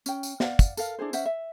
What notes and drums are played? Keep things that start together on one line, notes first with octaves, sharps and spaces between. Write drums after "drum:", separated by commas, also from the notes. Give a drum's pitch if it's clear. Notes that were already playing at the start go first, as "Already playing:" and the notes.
C#4 G5, drum: tambourine
drum: tambourine
D5 F5 F#5, drum: snare B3
drum: kick, tambourine
A4 A#4 F5, drum: tambourine
D4 E4 G#4 C5
C#4 C5 E5 F#5, drum: tambourine
E5